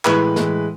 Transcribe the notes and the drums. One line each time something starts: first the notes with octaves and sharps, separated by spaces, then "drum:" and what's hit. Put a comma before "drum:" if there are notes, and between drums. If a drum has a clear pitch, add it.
A2 E3 G#3 B4, drum: clap
A2 E3 G#3, drum: snare